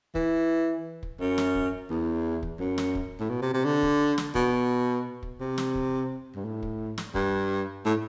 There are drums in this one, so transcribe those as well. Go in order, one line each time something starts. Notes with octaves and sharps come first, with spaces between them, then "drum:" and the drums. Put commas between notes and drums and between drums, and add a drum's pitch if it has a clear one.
E3, drum: kick
drum: kick
F#2
drum: snare
drum: kick
E2
drum: kick
F#2
drum: snare
drum: kick
A2
B2
C3
C3
D3
drum: kick
drum: snare
B2, drum: kick
drum: kick
C3
drum: snare
drum: kick
G2
A2
drum: kick
drum: snare
G2, drum: kick
A2